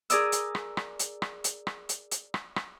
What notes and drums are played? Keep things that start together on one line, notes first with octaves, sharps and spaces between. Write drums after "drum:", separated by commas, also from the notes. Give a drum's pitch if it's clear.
G#4 A#4 D5 D#6 E6, drum: hi-hat
drum: hi-hat
drum: rim click
drum: rim click
drum: hi-hat
drum: rim click
drum: hi-hat
drum: rim click
drum: hi-hat
drum: hi-hat
drum: rim click
drum: rim click